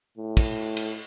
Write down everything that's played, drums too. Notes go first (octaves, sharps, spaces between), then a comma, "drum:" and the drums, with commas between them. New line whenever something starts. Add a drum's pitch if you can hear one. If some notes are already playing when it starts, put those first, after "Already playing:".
A2
drum: kick, cymbal
drum: cymbal